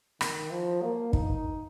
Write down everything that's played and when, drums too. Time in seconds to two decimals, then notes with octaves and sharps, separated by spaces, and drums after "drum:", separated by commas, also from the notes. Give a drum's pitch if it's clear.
0.21 D#3, drum: rim click
0.51 F3
0.82 A#3
1.13 D#4, drum: kick